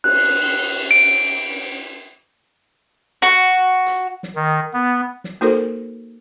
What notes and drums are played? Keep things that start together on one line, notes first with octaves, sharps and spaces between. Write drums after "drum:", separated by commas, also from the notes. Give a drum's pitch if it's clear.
F#6, drum: cymbal
D7
F#4
drum: hi-hat
drum: snare
D#3
B3
drum: snare
A#3 D#4 F#4 A4 A#4 C5